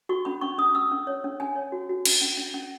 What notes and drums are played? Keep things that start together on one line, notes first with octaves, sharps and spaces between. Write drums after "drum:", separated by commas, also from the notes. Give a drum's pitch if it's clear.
F#4 C#6
C#4 B5
C#4 C#6
C#4 D#6
C#4 E6
C#4
C#5
C#4
C#4 G#5
C#5
F#4
F#4
C#4, drum: cymbal
C#4
C#4
C#4